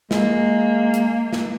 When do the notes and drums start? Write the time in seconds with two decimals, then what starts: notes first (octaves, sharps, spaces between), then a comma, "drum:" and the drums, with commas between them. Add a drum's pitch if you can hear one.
0.11 G#3 A#3, drum: snare
0.94 drum: hi-hat
1.33 drum: snare